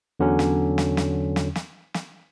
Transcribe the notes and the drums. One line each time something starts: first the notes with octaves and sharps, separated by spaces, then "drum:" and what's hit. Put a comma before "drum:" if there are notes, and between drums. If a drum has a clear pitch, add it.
E2 D3 F#3 C#4
drum: snare
drum: snare
drum: snare
drum: snare
drum: snare
drum: snare